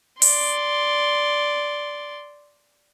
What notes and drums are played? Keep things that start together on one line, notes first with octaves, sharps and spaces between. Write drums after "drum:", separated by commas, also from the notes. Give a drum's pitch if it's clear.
D5 C6, drum: open hi-hat